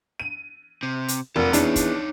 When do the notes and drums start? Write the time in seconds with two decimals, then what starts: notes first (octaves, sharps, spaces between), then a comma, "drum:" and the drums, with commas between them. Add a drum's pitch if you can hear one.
0.20 D#7
0.83 C3
1.08 drum: hi-hat
1.36 F1 A#2 A4 F#5
1.53 E2 D4 D#4 C#5, drum: hi-hat
1.76 drum: kick, hi-hat